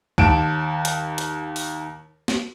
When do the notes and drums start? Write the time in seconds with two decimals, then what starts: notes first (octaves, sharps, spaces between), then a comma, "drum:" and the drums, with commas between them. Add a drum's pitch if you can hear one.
0.18 D#2 A5 D7 E7, drum: kick
0.85 drum: hi-hat
1.18 drum: hi-hat
1.56 drum: open hi-hat
2.28 drum: snare